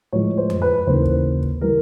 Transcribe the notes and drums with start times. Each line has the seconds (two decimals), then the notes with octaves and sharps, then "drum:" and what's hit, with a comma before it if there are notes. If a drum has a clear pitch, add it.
0.12 A2 F3 G#3 C#5
0.38 C5
0.50 drum: tom F2
0.62 B4
0.87 D#2 C#3 E3 C5
1.06 drum: kick
1.43 drum: kick
1.61 E3 G3 A#4